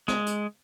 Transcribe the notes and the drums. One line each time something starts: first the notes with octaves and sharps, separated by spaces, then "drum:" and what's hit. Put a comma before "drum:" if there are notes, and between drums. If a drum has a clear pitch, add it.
G#3, drum: snare
drum: hi-hat